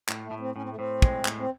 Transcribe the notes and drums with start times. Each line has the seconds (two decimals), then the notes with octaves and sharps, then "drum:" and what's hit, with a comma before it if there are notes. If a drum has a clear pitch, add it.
0.09 A2, drum: clap
0.24 A3
0.31 A2
0.40 C4
0.55 A2 C#4
0.62 C4
0.69 A3
0.76 A2 C4
1.02 G#3, drum: kick
1.25 A2, drum: clap
1.39 C4